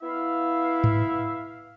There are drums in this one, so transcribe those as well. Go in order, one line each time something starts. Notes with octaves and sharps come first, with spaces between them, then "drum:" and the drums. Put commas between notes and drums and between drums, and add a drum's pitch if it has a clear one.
B3 E4 E5 F5
drum: tom G#2